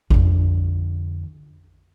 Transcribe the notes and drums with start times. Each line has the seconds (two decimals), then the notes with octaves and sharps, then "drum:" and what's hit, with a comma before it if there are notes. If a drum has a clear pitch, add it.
0.10 F2 D3, drum: kick G#1